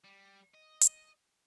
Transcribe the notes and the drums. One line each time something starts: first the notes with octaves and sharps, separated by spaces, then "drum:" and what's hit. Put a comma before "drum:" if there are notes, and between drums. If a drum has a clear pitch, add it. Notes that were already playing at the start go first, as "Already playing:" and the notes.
G3
D#5
drum: hi-hat